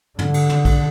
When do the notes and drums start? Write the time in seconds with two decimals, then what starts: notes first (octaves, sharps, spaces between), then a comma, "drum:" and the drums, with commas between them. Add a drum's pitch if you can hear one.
0.19 D3, drum: tom
0.34 drum: cymbal
0.49 drum: tom
0.65 drum: kick, cymbal